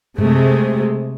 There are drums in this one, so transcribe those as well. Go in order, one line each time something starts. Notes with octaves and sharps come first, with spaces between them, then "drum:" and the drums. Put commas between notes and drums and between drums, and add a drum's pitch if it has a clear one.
C3 G#3 A3, drum: tom F#2